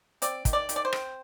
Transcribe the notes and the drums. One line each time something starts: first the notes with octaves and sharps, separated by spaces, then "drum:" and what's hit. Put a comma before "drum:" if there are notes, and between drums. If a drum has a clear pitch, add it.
C4 D5, drum: hi-hat
D#3, drum: kick, hi-hat
D5
D#3, drum: hi-hat
D5
C5
C4, drum: rim click